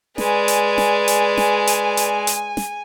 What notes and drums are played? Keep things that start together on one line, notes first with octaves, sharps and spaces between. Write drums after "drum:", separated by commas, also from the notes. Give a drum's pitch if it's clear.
G#3 B4 D5 G#5, drum: snare
drum: hi-hat
drum: snare
drum: hi-hat
drum: snare
drum: hi-hat
drum: hi-hat
drum: hi-hat
drum: snare